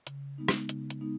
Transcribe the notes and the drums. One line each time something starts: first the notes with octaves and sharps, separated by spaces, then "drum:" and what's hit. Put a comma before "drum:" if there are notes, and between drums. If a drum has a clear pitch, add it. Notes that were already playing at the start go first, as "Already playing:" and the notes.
C#3, drum: hi-hat
G#3 B3 D#4
drum: rim click
C#3, drum: hi-hat
drum: hi-hat
G#3 B3 D#4